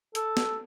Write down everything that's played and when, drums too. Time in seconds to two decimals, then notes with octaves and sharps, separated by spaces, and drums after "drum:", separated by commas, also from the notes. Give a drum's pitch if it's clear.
0.15 A4, drum: hi-hat
0.37 drum: snare